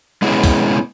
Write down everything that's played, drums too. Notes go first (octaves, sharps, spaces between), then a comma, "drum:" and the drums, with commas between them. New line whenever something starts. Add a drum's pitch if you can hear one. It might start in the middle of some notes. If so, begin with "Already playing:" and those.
G#3 B3 C#4 E4 G#4
drum: kick, open hi-hat